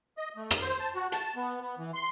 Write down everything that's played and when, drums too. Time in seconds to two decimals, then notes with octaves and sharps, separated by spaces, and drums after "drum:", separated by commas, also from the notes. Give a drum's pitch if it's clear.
0.18 D#5
0.36 A3
0.51 drum: rim click
0.62 C5
0.80 A5
0.95 F#4
1.12 A5, drum: hi-hat
1.36 B3
1.61 B3
1.78 E3
1.94 C6